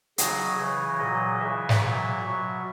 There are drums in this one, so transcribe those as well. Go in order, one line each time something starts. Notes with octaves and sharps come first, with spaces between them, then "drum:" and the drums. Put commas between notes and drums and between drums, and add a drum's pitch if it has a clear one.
C#3 F#3 D#5, drum: hi-hat
C#3 E3 C#5
A#2 F#3 D#5
C#3 E3 E5
drum: snare
A#2 F#3
B2 F#3